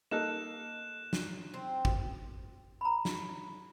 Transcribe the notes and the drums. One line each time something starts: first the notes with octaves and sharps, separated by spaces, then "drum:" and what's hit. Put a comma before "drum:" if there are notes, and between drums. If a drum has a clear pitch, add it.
A#3 D#4 A4 F#6 E7
drum: snare
C4
drum: kick
A#5 B5
drum: snare